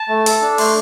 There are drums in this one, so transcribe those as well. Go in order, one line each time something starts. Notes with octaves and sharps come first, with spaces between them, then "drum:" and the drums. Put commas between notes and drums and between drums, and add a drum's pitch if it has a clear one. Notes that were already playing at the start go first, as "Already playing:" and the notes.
Already playing: A5
A3
A4, drum: hi-hat
D4
A3 C6, drum: open hi-hat